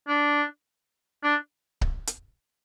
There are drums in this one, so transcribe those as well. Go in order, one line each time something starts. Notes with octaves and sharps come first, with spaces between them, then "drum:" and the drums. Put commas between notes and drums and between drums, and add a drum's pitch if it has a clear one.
D4
D4
drum: kick C#1
drum: hi-hat